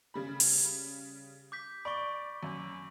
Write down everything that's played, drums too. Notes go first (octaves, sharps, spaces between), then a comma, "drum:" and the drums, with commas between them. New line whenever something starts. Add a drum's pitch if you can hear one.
C#3 G3 B5
drum: open hi-hat
D6 G6 B6
D5 B5 C#6 D7 G7
F#2